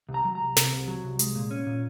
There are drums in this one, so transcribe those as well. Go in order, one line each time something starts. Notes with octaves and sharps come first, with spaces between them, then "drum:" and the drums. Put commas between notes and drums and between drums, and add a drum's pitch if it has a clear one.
C2
A#5
F#3
A#5
C2
C3, drum: snare
C2
F#3
C2
G#3, drum: hi-hat
A#2
C#4
A#2